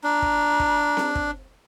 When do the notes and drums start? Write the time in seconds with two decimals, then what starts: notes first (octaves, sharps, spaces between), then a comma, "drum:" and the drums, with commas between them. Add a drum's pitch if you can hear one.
0.04 D4 A#5
0.22 drum: kick
0.60 drum: kick
0.97 drum: snare C4
1.15 drum: kick